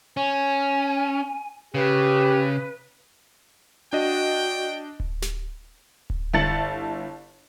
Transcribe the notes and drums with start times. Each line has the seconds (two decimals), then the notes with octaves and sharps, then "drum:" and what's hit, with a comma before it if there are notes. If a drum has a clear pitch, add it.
0.17 C#4 G#5
1.75 C#3 G4 B4
3.93 D4 F#4 D#5 G5
5.00 drum: kick D1
5.22 drum: snare
6.10 drum: kick D1
6.33 G1 E4 A5 A6 C#7 F#7